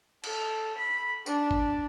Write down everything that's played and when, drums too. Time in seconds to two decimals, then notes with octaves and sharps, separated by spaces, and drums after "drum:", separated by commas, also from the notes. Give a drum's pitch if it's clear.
0.24 A4, drum: cymbal
0.77 B5
1.26 D4, drum: tambourine
1.51 drum: kick